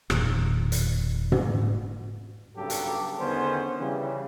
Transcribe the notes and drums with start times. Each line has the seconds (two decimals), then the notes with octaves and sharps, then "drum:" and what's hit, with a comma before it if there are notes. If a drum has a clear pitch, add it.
0.10 E1 A#2 D#3 F#3, drum: rim click
0.72 drum: hi-hat
1.32 drum: tom
2.56 B1 G2 C#3 F#3 G4 A4
2.70 drum: hi-hat
3.19 E2 D3 D#3 B3 C#4 C5
3.79 C#3 E3 G3